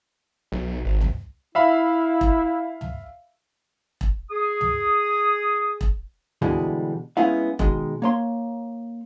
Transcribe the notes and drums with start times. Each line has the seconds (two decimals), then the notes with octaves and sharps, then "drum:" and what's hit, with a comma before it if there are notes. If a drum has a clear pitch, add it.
0.52 B1
0.85 G#1
1.01 drum: tom
1.55 E4 E5 F5 B5
2.21 drum: kick E1
2.81 drum: tom
4.01 drum: kick E1
4.31 G#4 D#6
4.61 drum: tom
5.81 drum: kick E1
6.42 B2 D3 E3 G3 G#3, drum: tom
7.17 G#3 B3 C#4 E4 F5
7.59 B2 D#3 G#3, drum: kick E1
8.02 A#3 C#5 C6